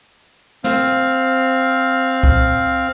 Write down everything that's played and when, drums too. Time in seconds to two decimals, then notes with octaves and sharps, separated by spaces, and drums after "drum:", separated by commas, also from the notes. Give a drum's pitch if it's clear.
0.64 C4 F5, drum: snare
2.23 drum: kick C2